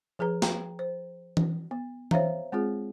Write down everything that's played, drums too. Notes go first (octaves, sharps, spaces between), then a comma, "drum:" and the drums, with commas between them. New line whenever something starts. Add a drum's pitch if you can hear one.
F3 G#4 B4 A#5
G5 A#5, drum: snare
C5
drum: tom E3
B3
C5 C#5 E5 F5 A#5, drum: tom E3
G#3 C4 F4 G#4